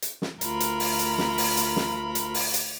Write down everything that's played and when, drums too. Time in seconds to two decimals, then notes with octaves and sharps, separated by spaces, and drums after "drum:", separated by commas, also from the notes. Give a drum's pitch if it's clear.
0.02 drum: hi-hat
0.22 drum: snare
0.41 D2 F4 A#4 B5, drum: hi-hat
0.60 drum: hi-hat
0.80 drum: open hi-hat
0.99 drum: hi-hat
1.18 drum: snare
1.38 drum: open hi-hat
1.57 drum: hi-hat
1.76 drum: snare
2.15 drum: hi-hat
2.34 drum: open hi-hat
2.54 drum: hi-hat